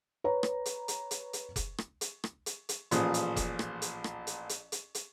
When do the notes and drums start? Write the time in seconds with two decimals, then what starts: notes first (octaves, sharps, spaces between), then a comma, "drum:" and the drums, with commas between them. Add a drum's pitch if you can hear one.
0.24 B4 C#5 A#5
0.43 drum: rim click
0.66 drum: hi-hat
0.88 drum: hi-hat
1.11 drum: hi-hat
1.33 drum: hi-hat
1.56 drum: kick F1, hi-hat
1.78 drum: rim click
2.01 drum: hi-hat
2.24 drum: rim click
2.46 drum: hi-hat
2.69 drum: hi-hat
2.91 A1 A#2 F3 G#4 D#6, drum: hi-hat
3.14 drum: hi-hat
3.36 drum: kick F1, hi-hat
3.59 drum: rim click
3.82 drum: hi-hat
4.04 drum: rim click
4.27 drum: hi-hat
4.49 drum: hi-hat
4.72 drum: hi-hat
4.95 drum: hi-hat